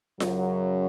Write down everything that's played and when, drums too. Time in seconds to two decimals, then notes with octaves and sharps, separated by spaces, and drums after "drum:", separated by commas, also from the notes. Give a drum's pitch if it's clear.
0.20 F#2 C#3 F#3, drum: snare F4